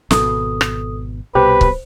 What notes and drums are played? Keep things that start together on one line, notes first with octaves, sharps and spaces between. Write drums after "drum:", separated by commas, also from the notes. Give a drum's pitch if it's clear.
G#1 B2 A4 D#6, drum: snare
drum: rim click
C2 B2 G4 B4 C5
drum: kick C#1